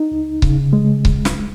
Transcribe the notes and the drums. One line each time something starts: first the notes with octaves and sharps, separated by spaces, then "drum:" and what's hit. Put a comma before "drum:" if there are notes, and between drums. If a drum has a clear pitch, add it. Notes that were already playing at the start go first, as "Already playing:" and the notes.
Already playing: D#4
C#2
C#3, drum: kick C#1
G#3
C#2, drum: kick C#1
drum: snare